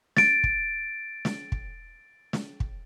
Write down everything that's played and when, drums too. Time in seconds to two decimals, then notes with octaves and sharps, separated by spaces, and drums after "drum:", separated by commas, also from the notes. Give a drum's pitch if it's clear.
0.17 A6 D7, drum: snare
0.44 drum: kick
1.25 drum: snare
1.52 drum: kick
2.33 drum: snare
2.60 drum: kick